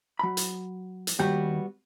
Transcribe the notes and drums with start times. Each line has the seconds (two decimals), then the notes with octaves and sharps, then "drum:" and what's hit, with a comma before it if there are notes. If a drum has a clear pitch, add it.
0.19 F#3 B5
0.37 drum: hi-hat
1.07 drum: hi-hat
1.19 D#2 G3 B3 F#4 G5